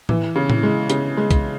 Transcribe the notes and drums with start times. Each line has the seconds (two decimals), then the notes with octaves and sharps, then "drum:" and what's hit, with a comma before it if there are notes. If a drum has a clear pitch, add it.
0.09 E3, drum: tom A2
0.35 C#3
0.50 drum: tom A2
0.63 G#3
0.90 C#3, drum: hi-hat
1.17 G#3
1.31 drum: kick, hi-hat